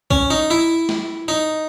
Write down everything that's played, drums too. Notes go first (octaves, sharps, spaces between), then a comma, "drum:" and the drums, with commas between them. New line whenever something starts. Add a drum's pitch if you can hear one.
C#4, drum: kick
D#4
E4
drum: snare
D#4